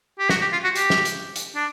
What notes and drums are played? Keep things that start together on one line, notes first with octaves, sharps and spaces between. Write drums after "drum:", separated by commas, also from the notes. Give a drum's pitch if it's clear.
G4
F#4, drum: snare
G4
F4
F#4
G4, drum: hi-hat
drum: snare
drum: hi-hat
drum: hi-hat
D4